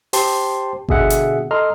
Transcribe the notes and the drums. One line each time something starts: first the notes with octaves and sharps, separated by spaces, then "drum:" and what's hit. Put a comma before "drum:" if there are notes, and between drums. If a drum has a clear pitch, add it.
G4 C5 G5 A5 C6, drum: open hi-hat
B2 D3 G#4 E5 F#5, drum: kick G1
drum: hi-hat
A4 D#5 A#5 C6 F6